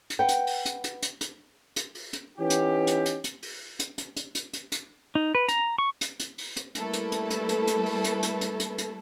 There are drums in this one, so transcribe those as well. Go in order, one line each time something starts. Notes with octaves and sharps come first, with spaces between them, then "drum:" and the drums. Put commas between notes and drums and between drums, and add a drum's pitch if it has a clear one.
drum: hi-hat
B4 F#5 G5
drum: hi-hat
drum: open hi-hat
drum: hi-hat
drum: hi-hat
drum: hi-hat
drum: hi-hat
drum: hi-hat
drum: open hi-hat
drum: hi-hat
E3 B3 C#4 D#4 G4
drum: hi-hat
drum: hi-hat
drum: hi-hat
drum: hi-hat
drum: open hi-hat
drum: hi-hat
drum: hi-hat
drum: hi-hat
drum: hi-hat
drum: hi-hat
drum: hi-hat
D#4
B4
A#5, drum: hi-hat
C#6
drum: hi-hat
drum: hi-hat
drum: open hi-hat
drum: hi-hat
G3 A3 A#3 E4 A4 B4, drum: hi-hat
drum: hi-hat
drum: hi-hat
drum: hi-hat
drum: hi-hat
drum: hi-hat
drum: open hi-hat
drum: hi-hat
drum: hi-hat
drum: hi-hat
drum: hi-hat
drum: hi-hat